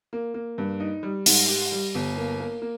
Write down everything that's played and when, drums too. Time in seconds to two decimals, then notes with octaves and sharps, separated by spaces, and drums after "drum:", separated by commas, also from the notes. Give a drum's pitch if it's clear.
0.13 A#3
0.34 A#3
0.58 G2
0.80 D#4
1.03 G3
1.26 G#2, drum: open hi-hat
1.48 G4
1.72 G3
1.95 G1
2.17 A#3
2.40 A#3
2.62 A#3